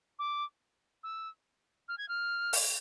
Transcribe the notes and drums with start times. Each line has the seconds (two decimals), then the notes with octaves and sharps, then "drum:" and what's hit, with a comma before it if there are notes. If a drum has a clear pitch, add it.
0.19 D6
1.03 E6
1.88 F6
1.98 G#6
2.08 F6
2.53 drum: open hi-hat